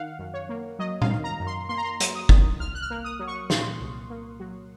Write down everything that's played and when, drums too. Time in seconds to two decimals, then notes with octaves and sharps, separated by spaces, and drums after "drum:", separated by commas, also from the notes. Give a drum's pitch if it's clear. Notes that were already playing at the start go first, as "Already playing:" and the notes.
Already playing: D#3 F5 F#5
0.19 F#2
0.34 C#5
0.49 A#3
0.79 F#3 D#5
1.02 F5, drum: tom A#2
1.09 D#3
1.24 A#5
1.40 F#2
1.47 C6
1.69 A#3 C6
1.77 A#5
1.84 C6
2.00 F#3, drum: hi-hat
2.15 D#6
2.29 D#3, drum: kick
2.60 C2 F6
2.75 F#6
2.82 F6
2.90 A#3
3.04 D#6
3.19 F#3
3.27 C#6
3.50 A#2 C6, drum: snare
3.80 C2
4.10 A#3
4.40 F#3